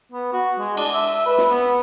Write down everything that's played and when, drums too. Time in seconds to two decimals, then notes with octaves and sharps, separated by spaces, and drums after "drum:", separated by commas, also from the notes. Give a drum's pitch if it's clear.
0.12 B3
0.33 F#4
0.59 G#3
0.77 D4, drum: cymbal
0.94 E5
1.26 B4
1.38 drum: snare
1.50 B3